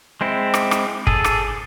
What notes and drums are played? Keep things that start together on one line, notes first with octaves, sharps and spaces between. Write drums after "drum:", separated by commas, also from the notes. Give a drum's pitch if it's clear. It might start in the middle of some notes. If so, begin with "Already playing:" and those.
G#3 C4 E4
drum: rim click
drum: rim click
G#4 A4, drum: kick
drum: rim click